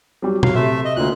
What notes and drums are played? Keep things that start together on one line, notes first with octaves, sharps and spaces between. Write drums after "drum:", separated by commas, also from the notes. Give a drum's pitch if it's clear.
F#3 G3
F#3 F5, drum: tom A#2
C3 A3 E5
D#5
D2 A#2 F#6